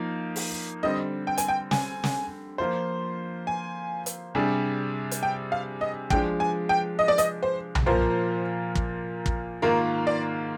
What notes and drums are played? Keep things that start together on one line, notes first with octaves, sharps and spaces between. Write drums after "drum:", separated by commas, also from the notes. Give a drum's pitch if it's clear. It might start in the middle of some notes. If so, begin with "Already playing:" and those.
Already playing: F3 A#3 D#4
drum: open hi-hat
D3 G3 C4 D#5
G5
G#5, drum: hi-hat
G5
G#5, drum: snare
drum: snare
F3 A#3 F4 C5
G#5
drum: hi-hat
C3 G3 D4 G#4
drum: hi-hat
G5
F5
D#5
F3 G#3 D4 G5, drum: kick
G#5
G5
D#5
D5
D#5, drum: hi-hat
C5
drum: tom B1
A#2 F3 A#3 F4 A#4 C5
drum: kick
drum: kick
G#2 D#3 A#3 F4 A#4
D5